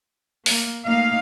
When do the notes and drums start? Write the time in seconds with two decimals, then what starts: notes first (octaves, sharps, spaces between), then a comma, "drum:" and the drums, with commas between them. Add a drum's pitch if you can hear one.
0.46 A#3, drum: open hi-hat
0.85 A3 A#3 D#4 F5